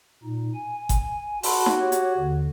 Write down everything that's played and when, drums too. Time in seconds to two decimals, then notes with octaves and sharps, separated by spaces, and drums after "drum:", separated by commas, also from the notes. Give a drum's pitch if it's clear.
0.23 A#2 D#4
0.54 G#5
0.89 drum: kick G1, hi-hat
1.43 F#4 A5 B5 C6, drum: open hi-hat
1.66 drum: snare D#4
1.80 G4 C#5
1.92 drum: hi-hat
2.17 D#2 D3